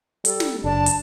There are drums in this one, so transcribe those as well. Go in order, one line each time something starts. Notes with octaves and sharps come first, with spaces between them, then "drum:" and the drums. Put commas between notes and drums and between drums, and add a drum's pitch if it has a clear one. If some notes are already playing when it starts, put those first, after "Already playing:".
G3 A4, drum: hi-hat
drum: snare
F#1 D4 A5
drum: hi-hat